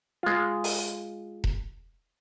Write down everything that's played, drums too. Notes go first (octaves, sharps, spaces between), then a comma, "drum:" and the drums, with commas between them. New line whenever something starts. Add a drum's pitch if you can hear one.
G#3 F4
drum: open hi-hat
drum: kick E1